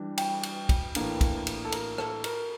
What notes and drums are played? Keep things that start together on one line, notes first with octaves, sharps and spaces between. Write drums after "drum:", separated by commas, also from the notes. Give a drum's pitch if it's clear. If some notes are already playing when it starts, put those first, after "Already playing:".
Already playing: E3 G3 D4
G5, drum: cymbal
drum: cymbal
drum: kick, cymbal
A2 E3 A#3 D4, drum: cymbal
drum: kick, cymbal
drum: cymbal
A4
A#4, drum: cymbal
A4, drum: rim click
A#4, drum: cymbal